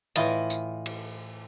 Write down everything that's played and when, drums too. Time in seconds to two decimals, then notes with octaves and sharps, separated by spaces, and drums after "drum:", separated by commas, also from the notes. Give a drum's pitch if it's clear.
0.16 A2 E3 E4 F4 D#5, drum: hi-hat
0.50 drum: tambourine
0.86 drum: cymbal